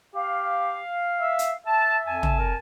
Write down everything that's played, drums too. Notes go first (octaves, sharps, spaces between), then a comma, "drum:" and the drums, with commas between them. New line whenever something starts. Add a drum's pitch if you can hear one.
G4 F5
E5
drum: hi-hat
E5 A5
F2 G#5 A5
drum: tom
A#4